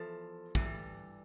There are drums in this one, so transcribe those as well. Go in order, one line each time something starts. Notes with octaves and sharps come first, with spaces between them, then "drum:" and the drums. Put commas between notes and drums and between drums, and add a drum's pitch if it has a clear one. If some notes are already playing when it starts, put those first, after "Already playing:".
Already playing: E2 F3 A4
G2 E3 G3, drum: kick